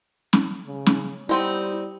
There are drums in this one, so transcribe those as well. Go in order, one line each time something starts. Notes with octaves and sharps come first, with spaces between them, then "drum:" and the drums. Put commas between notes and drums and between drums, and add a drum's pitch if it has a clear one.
drum: snare
C#3
drum: snare
G3 B3 C4 D#4 E4